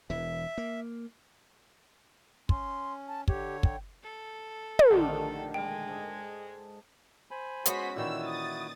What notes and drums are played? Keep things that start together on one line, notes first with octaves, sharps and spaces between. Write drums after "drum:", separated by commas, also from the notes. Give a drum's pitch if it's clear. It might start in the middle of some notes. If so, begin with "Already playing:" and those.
E1 E3 E5
A#3
C#4 C6, drum: kick
A5
D3 G4 C#5, drum: kick
G5, drum: kick
A4
drum: tom
A#1 D3 D#3 A3 D4 G4
G#3 G5
G#2 A4 D#5
C5 G#5 B5
G#3 B3 C#4 F#4 C6 B6, drum: hi-hat
A#2 D#3 E3 E4 F#4 E6
D#6 A6